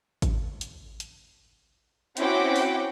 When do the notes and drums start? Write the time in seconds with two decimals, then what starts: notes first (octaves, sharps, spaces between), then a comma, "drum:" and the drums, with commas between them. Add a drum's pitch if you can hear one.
0.22 drum: kick G#1, hi-hat
0.61 drum: hi-hat
1.00 drum: hi-hat
2.17 C4 C#4 E4 F#4 G5 D6, drum: hi-hat
2.56 drum: open hi-hat